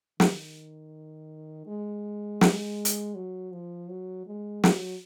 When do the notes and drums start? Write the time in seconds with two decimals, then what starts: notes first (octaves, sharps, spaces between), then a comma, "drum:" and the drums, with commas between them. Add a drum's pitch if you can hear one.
0.20 D#3, drum: snare
1.67 G#3
2.41 drum: snare
2.85 drum: hi-hat
3.15 F#3
3.52 F3
3.89 F#3
4.27 G#3
4.64 F#3, drum: snare